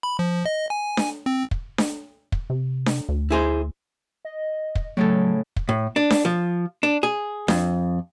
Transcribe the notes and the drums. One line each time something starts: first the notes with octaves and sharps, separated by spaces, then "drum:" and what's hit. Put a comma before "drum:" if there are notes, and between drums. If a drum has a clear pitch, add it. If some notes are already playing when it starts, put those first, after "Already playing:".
B5
F3
D#5
G#5
drum: snare D4
C4
drum: kick
drum: snare D4
drum: kick
C3
drum: snare D4
D2
E4 G#4 C5
D#5
drum: kick
A2 C#3 F#3 A4
drum: kick
A2
D4
drum: snare D4
F3
D4
G#4
F2, drum: snare D4